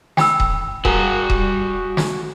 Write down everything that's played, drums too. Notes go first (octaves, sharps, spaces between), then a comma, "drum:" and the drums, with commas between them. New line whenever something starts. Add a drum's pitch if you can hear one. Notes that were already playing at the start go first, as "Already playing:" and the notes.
G5 B5 E6, drum: snare
drum: kick D#1
G3 F#4 G#4 A#4 A#5, drum: kick D#1
drum: kick D#1
drum: snare